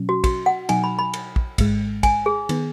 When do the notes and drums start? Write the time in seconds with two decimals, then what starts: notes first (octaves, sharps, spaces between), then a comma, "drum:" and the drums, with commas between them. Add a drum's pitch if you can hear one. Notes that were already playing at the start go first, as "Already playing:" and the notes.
Already playing: B2 F#3 C#4
0.09 F#4
0.24 F#4, drum: kick, cymbal
0.46 F#5
0.69 B2 F#3 D#4 G#5, drum: cymbal
0.84 B5
0.99 B5
1.14 drum: cymbal
1.36 drum: kick
1.58 G#1 G#2 G#3, drum: kick, cymbal
2.03 G#5, drum: kick, cymbal
2.26 G#4
2.49 D#3 B3, drum: cymbal